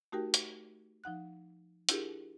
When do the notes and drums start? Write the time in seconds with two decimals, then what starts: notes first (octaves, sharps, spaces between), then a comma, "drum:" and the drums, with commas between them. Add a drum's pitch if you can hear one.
0.12 A3 D#4 F#4 G4 A#4 G5
0.34 drum: hi-hat
1.04 F3 D#4 F#5 F#6
1.89 D4 E4 F4 G4 G#4 A#4, drum: hi-hat